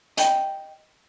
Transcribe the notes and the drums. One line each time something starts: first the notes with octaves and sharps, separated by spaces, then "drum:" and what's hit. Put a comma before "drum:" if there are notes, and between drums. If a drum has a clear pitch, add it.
D#5 G5, drum: hi-hat